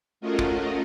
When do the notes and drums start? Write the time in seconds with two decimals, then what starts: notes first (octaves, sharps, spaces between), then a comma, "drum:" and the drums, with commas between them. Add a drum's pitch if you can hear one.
0.21 A3 C#4 F4 F#4 A#4 D#5
0.39 drum: kick